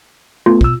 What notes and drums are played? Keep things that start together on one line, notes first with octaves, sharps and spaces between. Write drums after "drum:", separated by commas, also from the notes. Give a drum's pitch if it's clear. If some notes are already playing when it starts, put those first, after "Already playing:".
A3 B3 F4
B2 E6, drum: kick